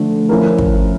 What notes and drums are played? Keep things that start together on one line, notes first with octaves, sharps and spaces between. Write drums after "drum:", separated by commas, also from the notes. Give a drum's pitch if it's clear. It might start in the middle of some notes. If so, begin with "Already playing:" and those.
Already playing: D3 F3 A3
F3 C#4 E4 A#4
drum: kick